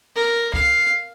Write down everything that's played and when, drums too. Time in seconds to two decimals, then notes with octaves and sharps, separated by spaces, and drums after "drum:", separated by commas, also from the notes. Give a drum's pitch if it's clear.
0.16 A#4
0.54 F5, drum: kick C2